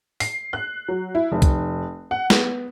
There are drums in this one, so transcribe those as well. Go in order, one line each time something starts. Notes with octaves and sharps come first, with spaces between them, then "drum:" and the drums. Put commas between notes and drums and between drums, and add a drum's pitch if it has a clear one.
C7, drum: open hi-hat
F#6
F#3
E4
F1
drum: kick, hi-hat
F#5
B3, drum: snare